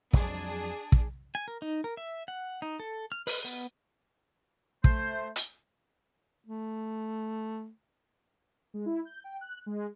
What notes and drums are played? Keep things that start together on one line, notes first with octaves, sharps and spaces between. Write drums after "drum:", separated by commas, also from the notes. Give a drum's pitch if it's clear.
F2 F#3 G#3 D4 G#4, drum: kick
drum: kick
G#5
A#4
D#4
A#4
E5
F#5
D#4
A4
F6
B4, drum: open hi-hat
B3
A3 C5, drum: kick
drum: hi-hat
A3
G#3
E4
G6
G5
F#6
G#3